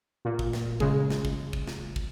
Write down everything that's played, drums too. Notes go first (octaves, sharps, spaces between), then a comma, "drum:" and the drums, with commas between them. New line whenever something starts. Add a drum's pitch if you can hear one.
A#2
drum: kick
drum: snare
C#3 G#3, drum: kick
drum: snare
drum: kick
drum: kick
drum: snare
drum: kick